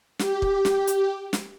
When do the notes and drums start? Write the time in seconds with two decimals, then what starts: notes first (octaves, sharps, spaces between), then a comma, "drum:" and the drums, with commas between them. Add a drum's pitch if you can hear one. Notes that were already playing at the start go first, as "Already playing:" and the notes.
0.19 G4, drum: snare
0.42 drum: kick
0.65 drum: snare
0.87 drum: hi-hat
1.33 drum: snare